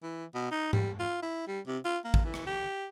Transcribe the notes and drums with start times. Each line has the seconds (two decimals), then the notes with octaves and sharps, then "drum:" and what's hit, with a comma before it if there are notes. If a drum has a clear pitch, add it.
0.03 E3
0.35 B2
0.51 D#4
0.73 G3, drum: tom G#2
0.99 F4
1.22 E4
1.48 G3
1.67 C3
1.85 F4
2.05 A#3
2.14 drum: kick
2.25 E3
2.34 drum: rim click
2.47 G4